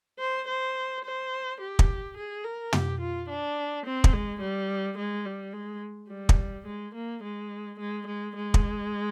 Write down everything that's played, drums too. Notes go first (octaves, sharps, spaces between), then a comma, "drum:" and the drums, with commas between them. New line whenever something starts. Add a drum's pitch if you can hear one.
C5
C5
C5
G4
drum: kick
G#4
A#4
G4, drum: tom
F4
D4
C4
drum: kick
G#3
G3
G#3
G3
G#3
G3
drum: kick
G#3
A#3
G#3
G#3
G#3
G#3
drum: kick